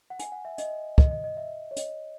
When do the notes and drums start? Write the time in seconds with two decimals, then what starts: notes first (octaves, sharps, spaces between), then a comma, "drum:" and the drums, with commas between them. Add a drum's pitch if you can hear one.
0.10 F#5
0.19 G#5, drum: hi-hat
0.32 F#5
0.45 E5
0.58 D#5, drum: hi-hat
0.98 D#5, drum: kick
1.11 D#5
1.24 D#5
1.37 E5
1.71 C#5
1.76 D#5, drum: hi-hat